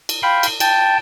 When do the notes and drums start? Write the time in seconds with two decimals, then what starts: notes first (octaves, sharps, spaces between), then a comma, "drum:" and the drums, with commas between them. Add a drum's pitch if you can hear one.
0.09 drum: cymbal
0.23 F5 G5 B5 C6
0.43 drum: cymbal
0.60 G5 A5, drum: cymbal